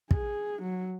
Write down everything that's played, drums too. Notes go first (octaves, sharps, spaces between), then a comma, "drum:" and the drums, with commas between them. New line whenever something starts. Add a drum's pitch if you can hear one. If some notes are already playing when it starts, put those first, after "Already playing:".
G#4, drum: kick
F#3